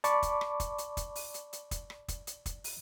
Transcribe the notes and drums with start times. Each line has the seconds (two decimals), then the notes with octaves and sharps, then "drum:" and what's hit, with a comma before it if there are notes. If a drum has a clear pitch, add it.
0.04 D5 A5 B5 C#6 D6, drum: hi-hat
0.22 drum: kick, hi-hat
0.41 drum: rim click
0.60 drum: kick, hi-hat
0.78 drum: hi-hat
0.97 drum: kick, hi-hat
1.15 drum: open hi-hat
1.34 drum: hi-hat
1.53 drum: hi-hat
1.71 drum: kick, hi-hat
1.90 drum: rim click
2.08 drum: kick, hi-hat
2.27 drum: hi-hat
2.46 drum: kick, hi-hat
2.64 drum: open hi-hat